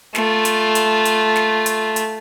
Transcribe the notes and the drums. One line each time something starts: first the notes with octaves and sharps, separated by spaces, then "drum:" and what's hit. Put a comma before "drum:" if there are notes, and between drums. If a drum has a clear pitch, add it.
A3 F4, drum: snare
drum: hi-hat
drum: hi-hat
drum: hi-hat
drum: snare
drum: hi-hat
drum: hi-hat